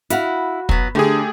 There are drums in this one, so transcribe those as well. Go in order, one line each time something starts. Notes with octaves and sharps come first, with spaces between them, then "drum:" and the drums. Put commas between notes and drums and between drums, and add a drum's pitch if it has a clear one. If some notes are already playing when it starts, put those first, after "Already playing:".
E4 F#4 F5 F#5, drum: hi-hat
F#3 B3, drum: kick
D3 A3 D4 G4 G#4